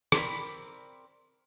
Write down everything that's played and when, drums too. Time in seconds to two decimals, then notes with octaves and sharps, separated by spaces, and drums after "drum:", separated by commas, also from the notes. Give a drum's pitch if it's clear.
0.12 C4 A#4 D5 B5, drum: rim click